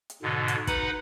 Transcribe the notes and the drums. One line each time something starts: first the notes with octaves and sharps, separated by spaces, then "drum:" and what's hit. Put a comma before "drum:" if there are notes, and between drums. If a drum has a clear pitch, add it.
drum: hi-hat
G#2 B2 D3
drum: hi-hat
D#4 B4 F#5 B5, drum: kick, hi-hat